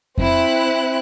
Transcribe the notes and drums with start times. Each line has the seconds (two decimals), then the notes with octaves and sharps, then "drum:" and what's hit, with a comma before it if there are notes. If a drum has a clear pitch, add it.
0.18 C4 E4 F#6, drum: kick F2